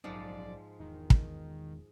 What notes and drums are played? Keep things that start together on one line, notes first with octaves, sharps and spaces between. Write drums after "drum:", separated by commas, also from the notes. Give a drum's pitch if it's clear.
A#1 G#2 F3 F#3 G#3 C#4 D5
E1 D#3
drum: kick